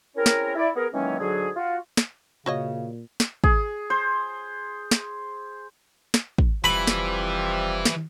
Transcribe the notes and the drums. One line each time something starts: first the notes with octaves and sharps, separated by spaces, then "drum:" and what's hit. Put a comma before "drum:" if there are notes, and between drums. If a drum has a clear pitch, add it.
C4 C#4 E4 G#4 A#4
drum: snare
E4 D5
B3 G#4 A#4
D#3 E3 F#3 G#3 A#3 C#4
G#2 D3 F#3 F#4 G#4
F4 F#4
drum: snare
A#2 C#3 F#4 C#5 D#5
drum: snare
G#4, drum: kick
C5
drum: snare
drum: snare
drum: kick
F1 E3 F3 G3 C4 B5
drum: snare
drum: snare